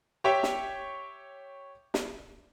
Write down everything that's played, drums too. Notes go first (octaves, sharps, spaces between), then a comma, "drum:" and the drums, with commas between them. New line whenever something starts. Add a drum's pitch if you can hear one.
G4 C#5 E5 G5
drum: snare
drum: snare